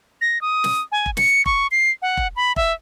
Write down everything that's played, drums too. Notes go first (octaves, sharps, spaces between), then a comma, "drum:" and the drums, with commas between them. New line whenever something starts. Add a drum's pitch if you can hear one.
A#6
D#6
drum: snare
G#5
drum: kick F1
C#7, drum: snare
C#6, drum: kick F1
C7
F#5
drum: kick F1
B5
E5, drum: kick F1